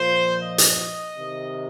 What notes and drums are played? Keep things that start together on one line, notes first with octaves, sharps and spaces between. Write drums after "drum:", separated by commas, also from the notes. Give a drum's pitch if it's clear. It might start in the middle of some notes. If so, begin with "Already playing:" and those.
Already playing: A#2 F3 C5
D#5
drum: hi-hat
C3 D#3